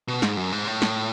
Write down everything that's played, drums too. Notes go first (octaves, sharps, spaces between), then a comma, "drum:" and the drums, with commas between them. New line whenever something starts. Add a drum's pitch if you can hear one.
B2
G#2, drum: snare
F#2
G#2
A2
drum: snare